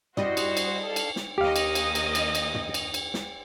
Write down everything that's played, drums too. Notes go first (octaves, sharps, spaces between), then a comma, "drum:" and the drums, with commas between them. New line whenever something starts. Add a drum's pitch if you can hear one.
G3 E4 F#4 C5 D5 D#5, drum: tom
drum: cymbal
drum: cymbal
A4 F5
drum: cymbal
drum: snare
D#2 G4 D#5 F5
drum: cymbal
drum: cymbal
drum: cymbal
drum: cymbal
drum: cymbal
drum: tom
drum: cymbal
drum: cymbal
drum: snare